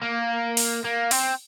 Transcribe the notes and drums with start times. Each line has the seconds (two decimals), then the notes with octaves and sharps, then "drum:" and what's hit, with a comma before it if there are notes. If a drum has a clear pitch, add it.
0.03 A#3
0.57 drum: open hi-hat
0.84 A#3
1.11 C4, drum: open hi-hat